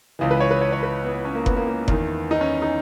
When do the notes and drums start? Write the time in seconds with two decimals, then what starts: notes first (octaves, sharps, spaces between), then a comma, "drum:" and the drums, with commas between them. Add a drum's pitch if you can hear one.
0.19 C#2 C#3 E3
0.31 B4
0.40 C#5
0.51 B4
0.61 C#5
0.72 C#5
0.83 B4
1.03 B3
1.14 B3
1.25 C#4
1.35 A#3
1.46 B3, drum: kick F#1
1.57 A#3
1.67 A#3
1.88 E2 D#3, drum: kick F#1
2.31 D#4
2.41 C#4
2.62 D#4